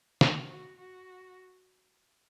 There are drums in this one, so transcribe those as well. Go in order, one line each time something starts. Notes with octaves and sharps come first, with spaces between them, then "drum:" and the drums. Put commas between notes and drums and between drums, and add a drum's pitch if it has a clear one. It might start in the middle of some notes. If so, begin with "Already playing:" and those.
F#4, drum: snare
F#4
F#4